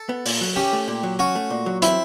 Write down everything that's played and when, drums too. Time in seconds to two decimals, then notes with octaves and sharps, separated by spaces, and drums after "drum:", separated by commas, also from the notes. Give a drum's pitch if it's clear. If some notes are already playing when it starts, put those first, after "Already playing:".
Already playing: A4
0.09 B3
0.26 A#2, drum: open hi-hat
0.41 F#3
0.56 C#4 G4
0.73 A3
0.88 A#2
1.03 F#3
1.19 C#4 F#4
1.35 A3
1.50 A#2
1.66 F#3
1.82 C4 E4, drum: hi-hat